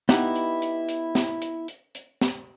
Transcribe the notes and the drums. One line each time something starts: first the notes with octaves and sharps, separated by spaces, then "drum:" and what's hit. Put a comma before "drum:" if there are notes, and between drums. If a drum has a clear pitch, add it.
B3 D#4 E4 G4, drum: snare
drum: hi-hat
drum: hi-hat
drum: hi-hat
drum: snare
drum: hi-hat
drum: hi-hat
drum: hi-hat
drum: snare